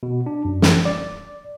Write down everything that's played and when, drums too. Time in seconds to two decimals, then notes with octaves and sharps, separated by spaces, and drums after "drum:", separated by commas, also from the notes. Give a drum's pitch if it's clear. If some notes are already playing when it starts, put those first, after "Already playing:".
0.03 B2
0.26 D4
0.45 F#2
0.62 drum: snare
0.85 D5